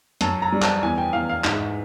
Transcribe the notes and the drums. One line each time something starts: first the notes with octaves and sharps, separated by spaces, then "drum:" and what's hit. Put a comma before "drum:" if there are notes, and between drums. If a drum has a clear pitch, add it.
F#2 A5, drum: hi-hat
A#5
G3
A5, drum: clap
E2 G#5
G5
E2 F5
F5
G#2 E5, drum: clap